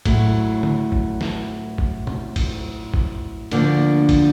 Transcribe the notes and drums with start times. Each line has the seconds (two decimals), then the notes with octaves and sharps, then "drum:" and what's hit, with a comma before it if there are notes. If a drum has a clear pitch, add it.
0.05 A2 F#3 A3, drum: kick, cymbal
0.63 drum: tom
0.92 drum: kick
1.21 drum: snare
1.78 drum: kick
2.07 drum: tom
2.36 drum: kick, cymbal
2.94 drum: kick
3.51 D2 D3 F3 A#3 D4, drum: cymbal
4.09 drum: kick, cymbal